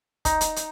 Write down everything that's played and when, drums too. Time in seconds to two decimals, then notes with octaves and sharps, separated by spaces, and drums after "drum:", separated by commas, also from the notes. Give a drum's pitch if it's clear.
0.25 D#4, drum: kick, hi-hat
0.41 drum: hi-hat
0.56 drum: hi-hat